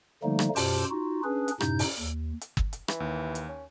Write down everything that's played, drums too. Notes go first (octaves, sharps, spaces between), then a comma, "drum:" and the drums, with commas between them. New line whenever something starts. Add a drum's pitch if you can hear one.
D3 F3 G3 A3 A#3 D#4
drum: rim click
F#2 B2 F4 G4 C5 A5, drum: open hi-hat
D#4 F4 F#4
C#4 D4 G#4 B4
drum: hi-hat
F#2 A2 C3 D#4 G6, drum: rim click
drum: open hi-hat
D#2
drum: hi-hat
drum: kick
drum: hi-hat
E3, drum: rim click
D#2
drum: hi-hat
C#4